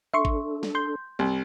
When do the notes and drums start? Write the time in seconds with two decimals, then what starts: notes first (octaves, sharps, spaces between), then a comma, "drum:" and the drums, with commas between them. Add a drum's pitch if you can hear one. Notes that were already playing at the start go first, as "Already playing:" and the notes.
0.14 D4 A4 E5 C6 C#6
0.25 drum: kick G#1
0.63 drum: snare
0.75 C6 G6
1.19 C2